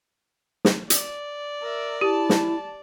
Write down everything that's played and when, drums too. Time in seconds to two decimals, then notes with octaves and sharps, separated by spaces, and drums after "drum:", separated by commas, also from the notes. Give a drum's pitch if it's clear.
0.65 drum: snare
0.90 D5, drum: hi-hat
1.62 A#4 E5
2.01 E4 G4 A5
2.30 drum: snare